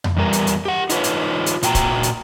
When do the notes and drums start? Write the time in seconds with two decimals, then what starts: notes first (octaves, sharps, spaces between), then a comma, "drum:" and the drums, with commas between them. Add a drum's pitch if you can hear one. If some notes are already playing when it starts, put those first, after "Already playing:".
0.04 drum: tom F2
0.17 E2 G3 A#4
0.33 drum: hi-hat
0.47 drum: hi-hat
0.65 G4 F#5
0.89 D#4 F4 B4 C#5, drum: hi-hat
1.04 drum: hi-hat
1.46 drum: hi-hat
1.63 A#2 F#4 G5 G#5 A#5, drum: hi-hat
1.75 drum: kick, hi-hat
2.03 drum: hi-hat